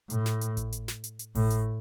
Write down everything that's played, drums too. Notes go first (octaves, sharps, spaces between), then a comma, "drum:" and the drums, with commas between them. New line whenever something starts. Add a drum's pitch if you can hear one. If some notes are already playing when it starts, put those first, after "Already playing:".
A2, drum: hi-hat
drum: snare
drum: hi-hat
drum: kick G#1, hi-hat
drum: hi-hat
drum: snare
drum: hi-hat
drum: hi-hat
A2, drum: kick G#1, open hi-hat
drum: hi-hat